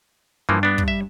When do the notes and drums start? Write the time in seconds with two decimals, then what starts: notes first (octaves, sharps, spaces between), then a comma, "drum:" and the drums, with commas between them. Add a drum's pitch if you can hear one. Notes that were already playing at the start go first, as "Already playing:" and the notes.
0.49 G2 E3 F3 A#3
0.63 B3 D4
0.78 drum: kick
0.88 E5